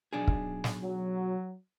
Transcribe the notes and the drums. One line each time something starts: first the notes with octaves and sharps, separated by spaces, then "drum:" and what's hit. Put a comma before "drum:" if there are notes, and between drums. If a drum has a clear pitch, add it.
B1 D4 G#4
drum: kick
drum: snare
F#3